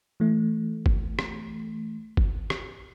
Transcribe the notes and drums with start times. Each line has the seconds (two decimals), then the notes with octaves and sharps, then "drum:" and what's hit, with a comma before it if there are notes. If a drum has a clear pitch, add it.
0.20 E3 A3
0.86 drum: kick
1.19 drum: rim click
2.17 drum: kick
2.50 drum: rim click